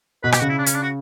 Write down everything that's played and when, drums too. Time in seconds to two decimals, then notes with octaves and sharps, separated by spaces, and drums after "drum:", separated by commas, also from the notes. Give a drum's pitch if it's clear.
0.24 B2 B4
0.32 G4, drum: rim click
0.40 C#3 F#4
0.49 E4
0.58 D4
0.66 C#4, drum: hi-hat
0.75 D4
0.83 F#4